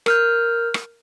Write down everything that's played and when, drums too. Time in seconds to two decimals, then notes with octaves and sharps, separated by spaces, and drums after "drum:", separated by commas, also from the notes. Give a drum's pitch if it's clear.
0.06 A#4 F6 G6, drum: rim click
0.74 drum: rim click